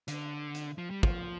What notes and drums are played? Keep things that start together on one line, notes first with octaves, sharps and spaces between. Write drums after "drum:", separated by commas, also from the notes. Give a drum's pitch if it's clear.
D3, drum: hi-hat
drum: hi-hat
F3
G3
F3, drum: kick